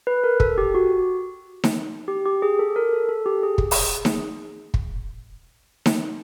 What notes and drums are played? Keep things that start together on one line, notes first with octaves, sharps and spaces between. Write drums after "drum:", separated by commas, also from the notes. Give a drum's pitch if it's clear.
B4
A#4
A4, drum: kick
G4
F#4
drum: snare D#4
G4
G4
G#4
A4
A#4
A4
A4
G4
G#4
drum: kick
drum: open hi-hat
drum: snare D#4
drum: kick
drum: snare D#4